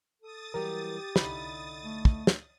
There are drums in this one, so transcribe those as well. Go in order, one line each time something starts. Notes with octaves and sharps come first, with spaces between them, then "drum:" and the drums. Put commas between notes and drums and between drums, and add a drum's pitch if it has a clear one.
A4 D#6 A6
E3 F#3 G3 G4 A#4
C2 D3 D#4 E4 B5, drum: snare
A3
drum: kick
drum: snare